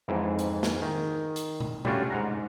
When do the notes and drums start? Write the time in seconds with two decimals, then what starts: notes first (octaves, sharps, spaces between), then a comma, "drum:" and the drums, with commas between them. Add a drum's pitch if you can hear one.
0.08 F2 G#2 E3
0.39 drum: hi-hat
0.63 drum: snare
0.82 D#3
1.36 drum: hi-hat
1.60 drum: tom B2
1.85 G3 A3 C#4 D4 F4 F#4, drum: tom B2
2.11 G#2 F#5 A#5